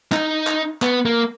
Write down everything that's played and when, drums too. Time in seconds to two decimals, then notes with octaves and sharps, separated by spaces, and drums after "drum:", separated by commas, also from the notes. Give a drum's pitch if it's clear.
0.12 D#4, drum: clap
0.47 drum: clap
0.82 B3, drum: clap
1.05 A#3